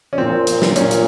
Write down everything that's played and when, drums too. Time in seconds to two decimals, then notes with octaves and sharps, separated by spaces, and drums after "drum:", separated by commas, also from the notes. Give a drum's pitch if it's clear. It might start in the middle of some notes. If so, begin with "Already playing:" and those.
0.13 C#4
0.17 A#2 C4
0.47 drum: hi-hat
0.62 drum: snare
0.76 A#2 C#4, drum: hi-hat
0.91 drum: hi-hat